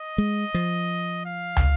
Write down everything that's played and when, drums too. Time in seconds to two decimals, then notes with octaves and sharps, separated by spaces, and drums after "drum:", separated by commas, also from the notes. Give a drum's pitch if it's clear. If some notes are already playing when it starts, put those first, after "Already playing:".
Already playing: D#5
0.18 G#3
0.54 F3
1.26 F5
1.56 drum: tom